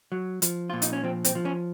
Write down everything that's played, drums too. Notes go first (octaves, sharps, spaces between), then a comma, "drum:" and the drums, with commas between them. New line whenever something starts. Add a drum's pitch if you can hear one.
F#3
F3, drum: hi-hat
A#2 F4
D#4, drum: hi-hat
C#4
F3 C4
C4, drum: hi-hat
F3
C#4